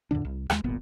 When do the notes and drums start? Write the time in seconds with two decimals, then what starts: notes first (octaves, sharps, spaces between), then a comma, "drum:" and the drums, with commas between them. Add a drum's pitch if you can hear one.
0.11 E2 A2 D3 D4
0.25 C2
0.50 D#2 G#3, drum: rim click
0.64 D1 G1 A#2 B3